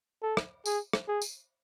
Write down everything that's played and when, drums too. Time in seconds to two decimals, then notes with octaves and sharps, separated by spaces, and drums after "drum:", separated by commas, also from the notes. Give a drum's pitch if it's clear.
0.23 A4
0.37 drum: rim click
0.66 G#4, drum: tambourine
0.93 drum: rim click
1.08 G#4
1.22 drum: tambourine